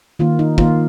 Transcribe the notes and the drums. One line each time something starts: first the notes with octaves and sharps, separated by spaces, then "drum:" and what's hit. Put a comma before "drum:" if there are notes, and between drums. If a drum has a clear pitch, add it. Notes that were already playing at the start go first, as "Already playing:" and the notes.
D#3 A#3 F4
D#4
D#3 A#3 F4, drum: kick